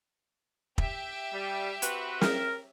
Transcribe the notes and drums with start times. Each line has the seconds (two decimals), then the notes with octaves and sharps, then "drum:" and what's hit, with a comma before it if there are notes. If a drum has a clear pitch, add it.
0.78 G4 E5 G5, drum: kick
1.32 G3
1.82 C4 F#4 B4, drum: hi-hat
2.21 A#4, drum: snare